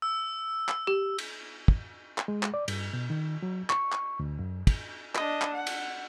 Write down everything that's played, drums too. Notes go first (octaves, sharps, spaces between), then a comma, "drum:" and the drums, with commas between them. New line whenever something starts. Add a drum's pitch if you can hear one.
E6
drum: clap
G4
drum: cymbal
drum: kick
drum: clap
G#3
drum: clap
D5
G2, drum: cymbal
B2
D#3
F#3
C#6, drum: clap
drum: clap
D2
F#2
drum: kick, cymbal
D4 D#5, drum: clap
drum: clap
F#5
drum: cymbal